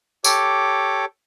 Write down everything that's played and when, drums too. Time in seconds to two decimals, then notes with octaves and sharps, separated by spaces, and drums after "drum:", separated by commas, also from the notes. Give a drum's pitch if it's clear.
0.24 G4 A4 C#5 D6, drum: tambourine